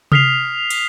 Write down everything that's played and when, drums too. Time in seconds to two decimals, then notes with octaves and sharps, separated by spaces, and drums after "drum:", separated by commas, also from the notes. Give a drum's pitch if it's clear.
0.12 D#6 F6 B6 C7 F7, drum: tom C3
0.71 drum: cymbal